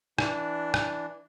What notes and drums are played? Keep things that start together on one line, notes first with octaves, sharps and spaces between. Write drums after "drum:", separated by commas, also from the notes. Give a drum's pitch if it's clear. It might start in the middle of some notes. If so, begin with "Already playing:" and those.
E3 D4, drum: rim click
drum: rim click